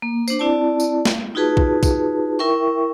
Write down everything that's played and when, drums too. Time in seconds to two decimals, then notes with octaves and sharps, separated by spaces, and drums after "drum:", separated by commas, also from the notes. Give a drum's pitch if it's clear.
0.02 A#3
0.28 D4 C5, drum: tambourine
0.39 C4 E4 D5 A5
0.80 drum: tambourine
1.05 drum: snare
1.35 D#4 F4 F#4 G#4 B4 A5
1.57 drum: kick
1.83 drum: kick, tambourine
2.39 E4 A#4 E5 G5 C#6